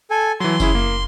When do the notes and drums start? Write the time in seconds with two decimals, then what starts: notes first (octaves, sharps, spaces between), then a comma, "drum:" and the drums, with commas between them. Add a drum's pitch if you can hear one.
0.10 A4 G#5
0.40 E3 F#3 C6
0.60 C#4 E4 G#4, drum: kick F#1, tambourine
0.75 A#3